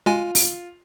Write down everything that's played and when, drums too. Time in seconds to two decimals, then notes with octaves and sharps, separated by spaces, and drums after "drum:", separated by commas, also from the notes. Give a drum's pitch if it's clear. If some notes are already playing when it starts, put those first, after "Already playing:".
0.06 G#3 F4 G#5
0.35 drum: open hi-hat